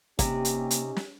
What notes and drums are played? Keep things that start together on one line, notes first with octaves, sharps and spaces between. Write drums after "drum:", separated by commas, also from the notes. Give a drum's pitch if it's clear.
C3 A#3 C#4 D#4 G4, drum: kick, hi-hat
drum: hi-hat
drum: hi-hat
drum: snare